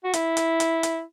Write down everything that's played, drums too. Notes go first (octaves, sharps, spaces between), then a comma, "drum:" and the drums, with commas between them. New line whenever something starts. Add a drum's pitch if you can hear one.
F#4
E4, drum: hi-hat
drum: hi-hat
drum: hi-hat
drum: hi-hat